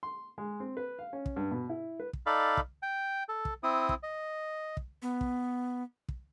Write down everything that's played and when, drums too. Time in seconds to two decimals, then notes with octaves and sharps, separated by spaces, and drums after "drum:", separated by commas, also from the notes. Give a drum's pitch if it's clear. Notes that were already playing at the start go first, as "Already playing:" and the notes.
0.03 C6
0.38 G#3
0.60 C4
0.77 B4
0.99 F5
1.13 C#4
1.26 drum: kick
1.36 G2
1.51 B2
1.69 E4
2.00 B4
2.13 drum: kick
2.26 D#4 A4 D5 F5 B5
2.57 drum: kick
2.83 G5
3.29 A4
3.45 drum: kick
3.63 C4 E4 D#6
3.89 drum: kick
4.03 D#5
4.77 drum: kick
5.02 B3
5.21 drum: kick
6.09 drum: kick